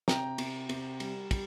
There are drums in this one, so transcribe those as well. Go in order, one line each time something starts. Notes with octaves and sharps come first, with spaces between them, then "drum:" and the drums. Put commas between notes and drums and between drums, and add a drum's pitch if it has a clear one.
C3 G5 A#5, drum: snare
C3, drum: cymbal
C3, drum: cymbal
G3, drum: cymbal
G3, drum: kick, cymbal